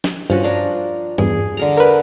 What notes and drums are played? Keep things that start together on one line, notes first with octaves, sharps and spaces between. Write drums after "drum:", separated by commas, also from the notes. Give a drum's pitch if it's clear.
drum: snare
G2 F3 C#4 F#4
F3 D4 A#4
E2 G2 G#4, drum: tom G2
D3 A#4 A#5
A#4 B4 E5